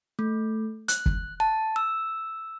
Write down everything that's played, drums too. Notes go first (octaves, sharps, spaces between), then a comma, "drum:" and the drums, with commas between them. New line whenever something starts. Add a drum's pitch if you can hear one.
A3
F#6, drum: hi-hat
drum: kick
A5
E6